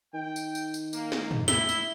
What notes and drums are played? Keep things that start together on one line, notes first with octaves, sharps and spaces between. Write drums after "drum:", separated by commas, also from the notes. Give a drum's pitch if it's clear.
D#3 G5
drum: tambourine
drum: tambourine
drum: tambourine
A#3, drum: tambourine
drum: snare
drum: tom
E4 E5 G7, drum: snare
drum: tambourine